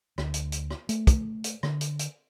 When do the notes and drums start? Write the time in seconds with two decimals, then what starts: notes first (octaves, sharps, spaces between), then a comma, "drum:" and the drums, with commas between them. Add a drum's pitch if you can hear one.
0.18 D2, drum: rim click
0.34 drum: hi-hat
0.52 drum: hi-hat
0.70 drum: rim click
0.89 A3, drum: hi-hat
1.07 drum: kick, hi-hat
1.44 drum: hi-hat
1.63 D3, drum: rim click
1.81 drum: hi-hat
1.99 drum: hi-hat